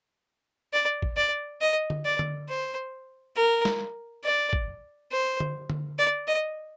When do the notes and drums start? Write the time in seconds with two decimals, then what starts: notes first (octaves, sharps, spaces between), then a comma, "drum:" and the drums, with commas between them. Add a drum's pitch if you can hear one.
0.73 D5
1.02 drum: kick
1.17 D5
1.61 D#5
1.90 drum: tom D3
2.05 D5
2.19 drum: tom D3
2.49 C5
3.36 A#4
3.65 drum: snare
4.24 D5
4.53 drum: kick
5.12 C5
5.40 drum: tom D3
5.70 drum: tom D3
5.98 D5
6.27 D#5